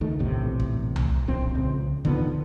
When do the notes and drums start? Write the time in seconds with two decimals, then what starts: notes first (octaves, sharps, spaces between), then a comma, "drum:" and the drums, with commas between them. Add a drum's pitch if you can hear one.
0.01 C#2 D#3 A3
0.19 A#1 E2 A2 C3
0.60 drum: kick
0.96 drum: tom C2
1.28 D1 A#1 C4
1.55 C#2
2.05 D3 D#3 F3 B3, drum: kick